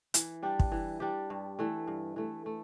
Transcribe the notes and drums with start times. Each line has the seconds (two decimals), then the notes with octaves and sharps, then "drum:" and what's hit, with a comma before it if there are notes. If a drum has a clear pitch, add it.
0.14 E3, drum: hi-hat
0.43 G3 D4 G4
0.59 drum: kick
0.72 E3
1.00 G3 D4 G4
1.30 G2
1.59 E3 A3
1.88 G2
2.16 E3 A3
2.46 A3